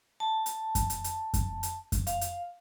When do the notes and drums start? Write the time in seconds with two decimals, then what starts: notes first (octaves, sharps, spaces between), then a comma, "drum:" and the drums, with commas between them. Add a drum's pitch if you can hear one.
0.20 A5
0.46 drum: hi-hat
0.75 drum: kick F#2, hi-hat
0.90 drum: hi-hat
1.04 drum: hi-hat
1.34 drum: kick F#2, hi-hat
1.63 drum: hi-hat
1.92 drum: kick F#2, hi-hat
2.07 F5, drum: hi-hat
2.21 drum: hi-hat